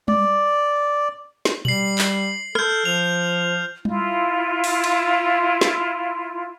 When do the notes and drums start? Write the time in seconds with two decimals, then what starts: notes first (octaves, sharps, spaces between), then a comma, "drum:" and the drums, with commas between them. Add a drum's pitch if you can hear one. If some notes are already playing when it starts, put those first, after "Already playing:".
0.08 D5, drum: tom G3
1.45 drum: snare
1.65 G3 C7 F#7, drum: tom A#2
1.98 drum: clap
2.55 A4 F6 G6, drum: rim click
2.85 F3 F7
3.85 E4 F4, drum: tom G3
4.64 drum: open hi-hat
4.84 drum: cymbal
5.61 drum: snare